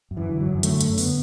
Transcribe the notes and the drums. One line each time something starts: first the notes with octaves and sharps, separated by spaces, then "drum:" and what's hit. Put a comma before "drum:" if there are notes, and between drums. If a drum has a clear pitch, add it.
F#2
E3
D3
F#3
F#2
D3 A3, drum: hi-hat
F#2, drum: hi-hat
D3 B3, drum: open hi-hat